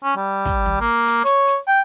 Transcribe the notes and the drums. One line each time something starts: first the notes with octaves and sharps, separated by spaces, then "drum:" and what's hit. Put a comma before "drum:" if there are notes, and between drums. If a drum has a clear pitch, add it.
C#4
G3
drum: kick, hi-hat
drum: tom
A#3
drum: hi-hat
C#5, drum: hi-hat
drum: hi-hat
G5